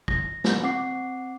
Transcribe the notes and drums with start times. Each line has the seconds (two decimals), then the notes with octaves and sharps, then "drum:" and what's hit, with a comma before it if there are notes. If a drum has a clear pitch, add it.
0.08 A#6, drum: kick
0.44 drum: snare
0.63 C4 F#5 D6 C7